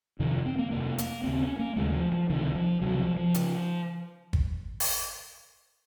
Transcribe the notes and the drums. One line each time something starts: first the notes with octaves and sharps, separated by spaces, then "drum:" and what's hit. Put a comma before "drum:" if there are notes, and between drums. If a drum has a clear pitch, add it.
F2 C3 D#3
C4
A#3
F2 C3 A#3
A#3, drum: hi-hat
D#2 C#3 C4
C#4
A#3
D#2 C#3 G#3
F3
F3
C#2 C3 D#3
F3
C#2 C3 F#3
F3
F3
C#3, drum: hi-hat
drum: kick
drum: open hi-hat